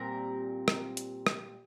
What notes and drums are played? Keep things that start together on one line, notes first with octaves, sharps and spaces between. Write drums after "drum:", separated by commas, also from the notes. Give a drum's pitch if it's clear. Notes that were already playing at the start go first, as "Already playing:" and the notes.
Already playing: A#2 G3 C4 A#4
drum: rim click
drum: hi-hat
drum: rim click